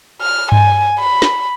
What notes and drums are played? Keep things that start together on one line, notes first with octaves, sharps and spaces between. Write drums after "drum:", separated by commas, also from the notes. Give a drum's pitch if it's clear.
F6
G#5, drum: tom G2
B5
drum: snare